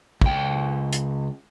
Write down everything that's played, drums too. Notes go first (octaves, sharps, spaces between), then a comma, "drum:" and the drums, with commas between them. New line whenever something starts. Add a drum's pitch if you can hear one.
C#2 G5, drum: kick
drum: hi-hat